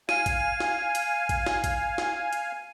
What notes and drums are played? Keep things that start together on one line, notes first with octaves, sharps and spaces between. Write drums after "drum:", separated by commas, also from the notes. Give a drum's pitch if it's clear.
F5 G#5 D#7, drum: snare
drum: kick, hi-hat
drum: snare
drum: hi-hat
drum: kick, hi-hat
drum: snare
drum: kick, hi-hat
drum: snare
drum: hi-hat